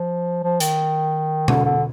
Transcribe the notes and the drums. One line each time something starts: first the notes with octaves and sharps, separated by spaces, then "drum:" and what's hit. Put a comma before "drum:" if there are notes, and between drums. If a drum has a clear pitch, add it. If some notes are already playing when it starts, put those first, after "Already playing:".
Already playing: F3
F3
D#3, drum: hi-hat
D3, drum: tom B2
D3